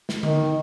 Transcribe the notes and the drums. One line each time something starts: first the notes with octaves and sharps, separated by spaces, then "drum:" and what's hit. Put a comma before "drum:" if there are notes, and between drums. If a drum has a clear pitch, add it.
drum: snare
D#3, drum: tom D3